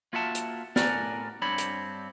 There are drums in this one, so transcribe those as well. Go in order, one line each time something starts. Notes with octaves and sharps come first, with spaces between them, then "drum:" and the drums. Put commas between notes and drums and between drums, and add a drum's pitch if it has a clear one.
A#3 F4 F#4 E5 F#5 A5
drum: hi-hat
A2 A#4 D5 F#5 G#5 A#5, drum: snare
G2 C4 D4 C#5 B5
drum: hi-hat